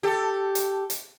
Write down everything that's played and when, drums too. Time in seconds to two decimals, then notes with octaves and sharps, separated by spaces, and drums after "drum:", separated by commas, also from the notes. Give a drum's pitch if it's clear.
0.03 G4 A4
0.55 drum: hi-hat
0.90 drum: hi-hat